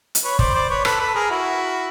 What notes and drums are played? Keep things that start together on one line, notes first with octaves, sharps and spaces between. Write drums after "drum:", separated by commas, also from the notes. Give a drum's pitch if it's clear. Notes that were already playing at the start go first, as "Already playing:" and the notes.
drum: hi-hat
B4 C#5
C5 D5, drum: kick
C5 D5
B4 C#5
A4 B4, drum: rim click
A4 B4
G#4 A#4
E4 F#4